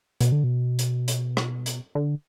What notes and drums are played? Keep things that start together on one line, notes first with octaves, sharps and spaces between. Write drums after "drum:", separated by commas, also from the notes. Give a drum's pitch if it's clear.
B2, drum: hi-hat
D3
B2
drum: hi-hat
drum: hi-hat
drum: rim click
drum: hi-hat
D3